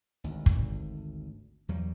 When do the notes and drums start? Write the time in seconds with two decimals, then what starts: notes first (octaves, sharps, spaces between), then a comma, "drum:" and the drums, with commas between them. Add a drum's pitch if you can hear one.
0.24 G#1 D2
0.46 drum: kick
1.69 E2 F#3 G3